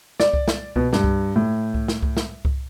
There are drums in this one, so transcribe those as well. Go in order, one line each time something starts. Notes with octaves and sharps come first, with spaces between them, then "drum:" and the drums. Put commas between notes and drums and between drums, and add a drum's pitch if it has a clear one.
D5, drum: snare
drum: kick C2
drum: snare
B2, drum: kick C2
G2, drum: snare
drum: kick C2
A2
drum: kick C2
drum: snare
drum: kick C2
drum: snare
drum: kick C2